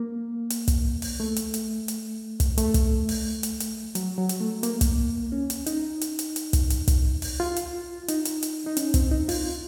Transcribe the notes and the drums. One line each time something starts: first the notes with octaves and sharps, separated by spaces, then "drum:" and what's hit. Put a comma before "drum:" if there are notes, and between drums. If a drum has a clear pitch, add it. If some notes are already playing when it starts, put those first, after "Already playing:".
Already playing: A#3
drum: hi-hat
drum: kick, hi-hat
drum: open hi-hat
A3
drum: hi-hat
drum: hi-hat
drum: hi-hat
drum: kick, hi-hat
A3, drum: hi-hat
drum: kick, hi-hat
drum: open hi-hat
drum: hi-hat
drum: hi-hat
F#3, drum: hi-hat
F#3
drum: hi-hat
A3
A#3, drum: hi-hat
drum: kick, hi-hat
C#4
drum: hi-hat
D#4, drum: hi-hat
drum: hi-hat
drum: hi-hat
drum: hi-hat
drum: kick, hi-hat
drum: hi-hat
drum: kick, hi-hat
drum: open hi-hat
F4
drum: hi-hat
D#4, drum: hi-hat
drum: hi-hat
drum: hi-hat
D#4
C#4, drum: hi-hat
C4, drum: kick, hi-hat
D#4
F4, drum: open hi-hat